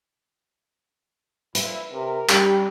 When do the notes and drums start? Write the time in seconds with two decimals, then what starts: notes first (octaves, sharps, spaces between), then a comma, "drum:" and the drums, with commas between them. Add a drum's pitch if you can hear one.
1.55 A#2 F3 E4 B4 E5, drum: hi-hat
1.92 C3 A#4
2.29 G3 C#4 G4 A#5, drum: clap